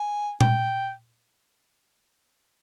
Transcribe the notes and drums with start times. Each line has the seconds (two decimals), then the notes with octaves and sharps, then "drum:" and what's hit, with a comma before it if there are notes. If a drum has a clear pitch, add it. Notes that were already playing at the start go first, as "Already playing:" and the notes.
Already playing: G#5
0.41 G5, drum: tom A#2